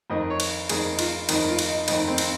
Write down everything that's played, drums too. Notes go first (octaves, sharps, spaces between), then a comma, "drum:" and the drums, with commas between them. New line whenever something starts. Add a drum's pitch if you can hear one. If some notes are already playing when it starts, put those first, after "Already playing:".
F2 D#3 D#5
C#5
drum: cymbal
F2 D#3 G#4, drum: cymbal
D#4
F4, drum: cymbal
F2 D#3 D#4, drum: cymbal
F4
drum: cymbal
D#4
F2 D#3 D#4, drum: cymbal
C4
drum: cymbal